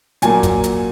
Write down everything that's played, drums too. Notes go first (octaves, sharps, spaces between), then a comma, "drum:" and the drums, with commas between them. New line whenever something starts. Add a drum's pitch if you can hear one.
A#2 F#3 A#3 G#5, drum: hi-hat
drum: kick, hi-hat
drum: hi-hat